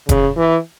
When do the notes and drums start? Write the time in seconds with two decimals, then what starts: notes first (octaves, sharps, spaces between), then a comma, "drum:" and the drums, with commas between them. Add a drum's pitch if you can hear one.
0.09 C#3, drum: kick F1, hi-hat
0.37 E3